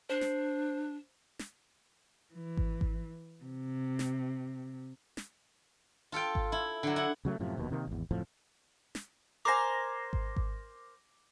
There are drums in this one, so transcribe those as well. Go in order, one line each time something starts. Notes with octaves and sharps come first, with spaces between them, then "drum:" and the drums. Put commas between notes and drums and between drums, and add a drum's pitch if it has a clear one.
D4 C5 C7
drum: snare
drum: snare
E3
drum: kick G#1
drum: kick G#1
C3
drum: snare
drum: snare
F4 A4 F5 G5
drum: kick G#1
E4
D3 F#3
E4 F#5
C#3 F#3 G#3 A3
F#2 A2 C3 F3
F1 D#2 B2
C3 D#3 F3 A#3
G#1 E2
D1 F2 A2 F3
drum: snare
A#4 C5 G#5 D6 A#6
drum: kick G#1
drum: kick G#1